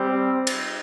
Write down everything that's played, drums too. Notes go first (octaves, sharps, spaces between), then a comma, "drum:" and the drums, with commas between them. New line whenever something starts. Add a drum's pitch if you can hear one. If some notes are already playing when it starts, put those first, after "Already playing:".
Already playing: G3 C4 G4
drum: cymbal